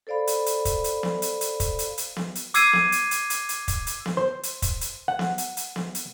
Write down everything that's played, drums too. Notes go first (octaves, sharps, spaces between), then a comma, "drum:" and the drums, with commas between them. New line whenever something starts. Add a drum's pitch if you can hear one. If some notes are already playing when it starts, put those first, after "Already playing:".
A4 C5 D5 F5 B5
drum: hi-hat
drum: hi-hat
drum: kick, hi-hat
drum: hi-hat
drum: snare B3
drum: hi-hat
drum: hi-hat
drum: kick, hi-hat
drum: hi-hat
drum: hi-hat
drum: snare B3
drum: hi-hat
D6 E6 G#6 C7 D#7, drum: hi-hat
drum: snare B3
drum: hi-hat
drum: hi-hat
drum: hi-hat
drum: hi-hat
drum: kick, hi-hat
drum: hi-hat
drum: snare B3
C5
drum: hi-hat
drum: kick, hi-hat
drum: hi-hat
F#5
drum: snare B3
drum: hi-hat
drum: hi-hat
drum: snare B3
drum: hi-hat